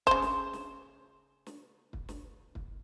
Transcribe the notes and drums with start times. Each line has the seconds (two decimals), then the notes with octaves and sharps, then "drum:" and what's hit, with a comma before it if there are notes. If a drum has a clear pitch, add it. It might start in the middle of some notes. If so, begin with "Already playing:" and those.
0.07 C#3 C5, drum: kick
0.22 drum: snare
0.53 drum: snare
1.46 drum: snare
1.93 drum: kick
2.09 drum: snare
2.55 drum: kick